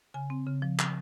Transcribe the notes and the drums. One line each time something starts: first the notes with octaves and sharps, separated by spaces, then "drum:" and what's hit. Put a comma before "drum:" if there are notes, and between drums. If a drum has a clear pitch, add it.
C#3 G#5
C4
C#3
F3
drum: clap